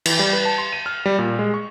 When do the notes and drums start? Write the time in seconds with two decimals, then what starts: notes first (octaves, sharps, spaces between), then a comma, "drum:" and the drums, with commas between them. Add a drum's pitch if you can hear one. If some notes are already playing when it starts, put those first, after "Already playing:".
0.06 E3, drum: cymbal
0.19 G3
0.33 B4
0.45 A5
0.58 C6
0.73 D#7
0.86 F6
1.06 G3
1.19 A#2
1.39 G#3
1.54 C#6